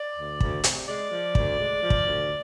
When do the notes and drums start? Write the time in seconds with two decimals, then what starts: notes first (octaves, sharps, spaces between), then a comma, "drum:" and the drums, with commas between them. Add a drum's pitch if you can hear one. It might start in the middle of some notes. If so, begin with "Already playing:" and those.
Already playing: D5
0.17 D2
0.40 D2, drum: kick
0.64 C3, drum: hi-hat
0.87 G#3 D5
1.10 F3
1.35 D2, drum: kick
1.59 G#3
1.81 F3
1.90 drum: kick
2.06 D2